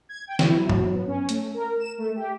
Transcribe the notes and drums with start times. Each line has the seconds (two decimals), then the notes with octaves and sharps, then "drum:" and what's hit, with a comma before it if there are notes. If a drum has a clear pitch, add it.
0.09 G#6
0.27 G5
0.39 E4, drum: snare
0.56 F#3
0.69 drum: tom G2
0.92 B3
1.07 C#4
1.29 A3, drum: hi-hat
1.54 A#4
1.79 E7
1.98 A3
2.16 G4